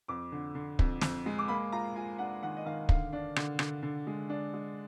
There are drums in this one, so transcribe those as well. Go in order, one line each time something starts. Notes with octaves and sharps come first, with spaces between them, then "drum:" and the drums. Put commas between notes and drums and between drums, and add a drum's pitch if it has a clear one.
F2 D6
D3
D3
F2, drum: kick
F2, drum: snare
G#3
D6
A#3 B5
F4 A#5
F4 G#5
D4 F#5
D#3 F#5
D#5
D#3 F5
D3 F5, drum: kick
D4
D3, drum: rim click
D3, drum: rim click
D3
G#3
D4
G#3